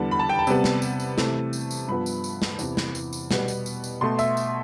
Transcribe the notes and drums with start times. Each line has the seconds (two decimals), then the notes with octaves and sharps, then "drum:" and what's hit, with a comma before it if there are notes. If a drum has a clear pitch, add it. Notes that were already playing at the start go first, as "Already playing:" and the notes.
Already playing: E2 D3 G3 B3 A5
0.11 B5
0.19 A5
0.29 G5
0.39 A5
0.47 C3 G3 B3, drum: tambourine
0.64 drum: snare
0.82 drum: tambourine
1.00 drum: tambourine
1.18 C3 E3 A3, drum: snare
1.53 drum: tambourine
1.71 drum: tambourine
1.88 G2 F3 B3 B5
2.06 drum: tambourine
2.24 drum: tambourine
2.42 drum: snare
2.59 E2 C3 E3, drum: tambourine
2.77 drum: snare
2.95 drum: tambourine
3.13 drum: tambourine
3.31 B2 G3 B3, drum: snare
3.48 drum: tambourine
3.66 drum: tambourine
3.84 drum: tambourine
4.01 B2 A3 C6
4.19 E5, drum: tambourine
4.37 drum: tambourine